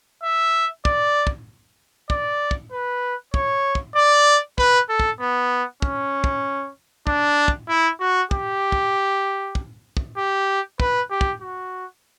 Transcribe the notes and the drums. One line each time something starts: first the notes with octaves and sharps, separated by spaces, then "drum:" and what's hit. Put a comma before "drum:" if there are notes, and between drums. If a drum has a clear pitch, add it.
E5
D5, drum: kick
drum: kick
D5, drum: kick
drum: kick
B4
C#5, drum: kick
drum: kick
D5
B4, drum: kick
A4
drum: kick
B3
C#4, drum: kick
drum: kick
D4, drum: kick
drum: kick
E4
F#4
G4, drum: kick
drum: kick
drum: kick
drum: kick
G4
B4, drum: kick
G4
drum: kick
F#4